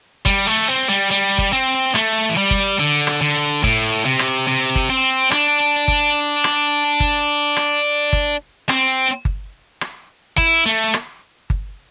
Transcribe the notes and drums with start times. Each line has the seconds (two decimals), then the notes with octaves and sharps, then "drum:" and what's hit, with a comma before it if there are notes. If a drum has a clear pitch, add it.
0.26 G3, drum: kick G1
0.47 A3
0.68 C4
0.89 G3
1.11 G3
1.38 drum: kick G1
1.53 C4
1.95 A3, drum: rim click
2.30 E3
2.37 G3
2.51 drum: kick G1
2.79 D3
3.07 drum: rim click
3.21 D3
3.63 A2, drum: kick G1
4.06 C3
4.19 drum: rim click
4.47 C3
4.76 drum: kick G1
4.90 C4
5.31 D4, drum: rim click
5.88 drum: kick G1
6.44 drum: rim click
7.00 drum: kick G1
7.57 drum: rim click
8.13 drum: kick G1
8.69 C4, drum: rim click
9.25 drum: kick G1
9.81 drum: rim click
10.38 E4, drum: kick G1
10.66 A3
10.94 drum: rim click
11.50 drum: kick G1